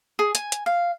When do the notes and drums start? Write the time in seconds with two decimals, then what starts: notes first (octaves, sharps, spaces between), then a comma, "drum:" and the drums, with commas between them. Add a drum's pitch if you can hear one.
0.19 G#4
0.35 G#5, drum: hi-hat
0.52 drum: hi-hat
0.66 F5